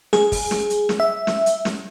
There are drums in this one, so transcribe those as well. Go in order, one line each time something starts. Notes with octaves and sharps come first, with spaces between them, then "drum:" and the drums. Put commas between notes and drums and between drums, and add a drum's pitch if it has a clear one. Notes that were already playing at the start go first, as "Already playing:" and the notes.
G#4, drum: snare
drum: kick, open hi-hat
drum: snare
drum: hi-hat
drum: snare
E5
drum: snare
drum: hi-hat
drum: snare